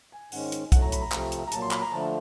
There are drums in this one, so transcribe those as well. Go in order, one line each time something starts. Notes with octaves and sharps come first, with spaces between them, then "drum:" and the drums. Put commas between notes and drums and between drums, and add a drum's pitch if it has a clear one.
G#5
G#2 D#3 G#3 C#4 F#5, drum: open hi-hat
drum: hi-hat
A2 F#3 A3 F#5, drum: kick, hi-hat
A#5
B5, drum: hi-hat
A#5
C3 F3 A3 C4, drum: clap
drum: hi-hat
A#5
A#2 F#3 A#3 A5, drum: hi-hat
C6
B5, drum: clap
A#5
D3 F3 A3 A5